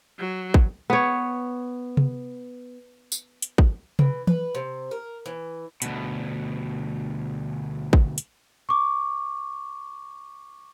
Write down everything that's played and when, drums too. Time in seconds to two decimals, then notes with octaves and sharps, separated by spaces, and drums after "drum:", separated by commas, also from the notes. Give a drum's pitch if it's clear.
0.19 F#3
0.54 drum: kick
0.90 B3 C#5
1.97 drum: tom C3
3.12 drum: tambourine
3.42 drum: hi-hat
3.58 drum: kick
3.99 E3, drum: tom C3
4.27 B4, drum: tom E3
4.55 C3
4.91 A#4
5.26 E3
5.82 D2 B2, drum: hi-hat
7.93 drum: kick
8.18 drum: hi-hat
8.69 C#6 D6